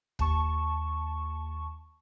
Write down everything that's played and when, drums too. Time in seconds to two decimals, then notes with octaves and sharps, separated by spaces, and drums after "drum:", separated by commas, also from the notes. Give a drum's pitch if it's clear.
0.19 D#2 A5 C#6, drum: kick